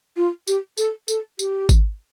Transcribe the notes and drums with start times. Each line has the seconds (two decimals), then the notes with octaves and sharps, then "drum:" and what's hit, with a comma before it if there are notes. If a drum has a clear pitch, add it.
0.16 F4
0.47 G4, drum: tambourine
0.77 A4, drum: tambourine
1.08 A4, drum: tambourine
1.39 G4, drum: tambourine
1.69 drum: kick G#1, tambourine